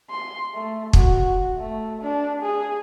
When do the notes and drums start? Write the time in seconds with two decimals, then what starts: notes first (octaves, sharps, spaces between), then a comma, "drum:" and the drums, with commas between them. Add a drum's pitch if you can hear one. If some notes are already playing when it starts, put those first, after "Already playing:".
0.10 C6
0.54 A3
0.93 F#4, drum: kick
1.57 A3
2.01 D4
2.42 G#4